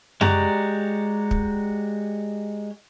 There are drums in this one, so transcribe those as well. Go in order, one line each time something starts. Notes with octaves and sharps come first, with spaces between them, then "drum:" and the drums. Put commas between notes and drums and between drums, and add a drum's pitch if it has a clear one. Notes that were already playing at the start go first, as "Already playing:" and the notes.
G#3 F#4 G4 D5 A#5, drum: tom F#2
drum: kick